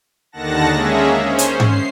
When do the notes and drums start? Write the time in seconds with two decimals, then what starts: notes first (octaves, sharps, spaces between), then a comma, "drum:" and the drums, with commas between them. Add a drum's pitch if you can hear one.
0.32 D#2 D3 D#3 F#5 A5 A#6
0.71 G#3 A#3 C#4 G#4 E5
1.23 C#4 C5
1.39 drum: hi-hat
1.60 C7, drum: tom G#2